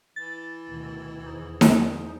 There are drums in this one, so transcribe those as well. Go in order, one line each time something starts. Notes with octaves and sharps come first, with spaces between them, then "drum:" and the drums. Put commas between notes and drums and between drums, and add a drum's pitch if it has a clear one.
E3 A6
D2 B2 D#3
E2 D#4 G#4 C5
drum: snare D#4